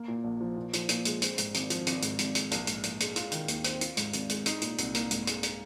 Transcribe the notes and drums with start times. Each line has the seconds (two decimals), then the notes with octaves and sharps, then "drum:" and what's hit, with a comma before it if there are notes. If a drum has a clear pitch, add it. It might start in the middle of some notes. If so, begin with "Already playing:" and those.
Already playing: A#3
0.08 A#2
0.24 A#1
0.41 F3
0.56 A#2
0.73 F3, drum: hi-hat
0.89 A#2, drum: hi-hat
1.05 G#3, drum: hi-hat
1.22 C4, drum: hi-hat
1.38 G#2, drum: hi-hat
1.54 G#1, drum: hi-hat
1.70 F3, drum: hi-hat
1.87 G#1, drum: hi-hat
2.02 G#2, drum: hi-hat
2.19 G#1, drum: hi-hat
2.35 G#3, drum: hi-hat
2.51 A#1, drum: hi-hat
2.67 G#2, drum: hi-hat
2.83 A#1, drum: hi-hat
3.00 G#3, drum: hi-hat
3.16 F4, drum: hi-hat
3.32 D#3, drum: hi-hat
3.48 D#2, drum: hi-hat
3.64 C4, drum: hi-hat
3.81 F4, drum: hi-hat
3.97 G#2, drum: hi-hat
4.13 G#1, drum: hi-hat
4.29 G#3, drum: hi-hat
4.46 D#4, drum: hi-hat
4.62 A#2, drum: hi-hat
4.78 C2, drum: hi-hat
4.95 A#3, drum: hi-hat
5.11 G#2, drum: hi-hat
5.27 G#3, drum: hi-hat
5.43 drum: hi-hat